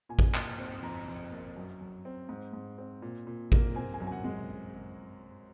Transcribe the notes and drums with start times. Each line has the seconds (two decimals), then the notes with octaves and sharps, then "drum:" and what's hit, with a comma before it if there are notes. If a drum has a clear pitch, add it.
0.09 A#2 G#5
0.19 drum: kick A1
0.35 A#2, drum: clap
0.58 C4
0.82 F2 A#5
1.07 F2
1.31 A#3
1.57 F#2
1.81 F#2
2.05 C4
2.29 G#2
2.53 G#2
2.78 C4
3.02 A#2
3.27 A#2
3.52 A#3, drum: kick A1
3.75 C4 G#5
3.94 G#5
4.00 F#2
4.07 G#5
4.12 F#5
4.24 G#3